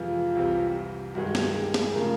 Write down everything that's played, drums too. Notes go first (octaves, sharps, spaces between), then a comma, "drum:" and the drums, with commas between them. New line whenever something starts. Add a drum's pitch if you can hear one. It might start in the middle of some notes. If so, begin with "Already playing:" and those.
Already playing: F2 C3 E3 G#3 F4
C2 C3 E3 G3 C4
G2 D#3 G#3 F#4
F#4
G4, drum: snare
G#4
G#4, drum: snare
C#3 F3 A3 A#4